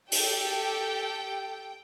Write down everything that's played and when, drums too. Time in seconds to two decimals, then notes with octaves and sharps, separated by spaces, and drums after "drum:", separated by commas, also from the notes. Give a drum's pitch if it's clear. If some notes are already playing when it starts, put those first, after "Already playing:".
0.12 G4 A4 G5, drum: open hi-hat